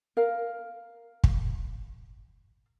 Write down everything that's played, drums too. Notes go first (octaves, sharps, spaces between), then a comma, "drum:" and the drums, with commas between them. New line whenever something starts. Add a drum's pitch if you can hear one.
A#4 F5
drum: kick